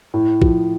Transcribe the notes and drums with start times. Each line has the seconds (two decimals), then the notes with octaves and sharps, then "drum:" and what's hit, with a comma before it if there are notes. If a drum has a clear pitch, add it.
0.14 A2
0.42 F3, drum: kick